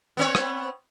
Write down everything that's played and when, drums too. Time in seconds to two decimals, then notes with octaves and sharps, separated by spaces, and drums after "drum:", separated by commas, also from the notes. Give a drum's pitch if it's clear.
0.17 B3 C4 C#5
0.35 drum: rim click